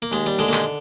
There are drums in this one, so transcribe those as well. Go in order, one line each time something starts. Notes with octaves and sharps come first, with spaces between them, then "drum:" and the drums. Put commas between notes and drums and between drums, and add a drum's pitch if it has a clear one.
A#3
D#2 G#3
G3
D3 G#3
A#3
G#3, drum: clap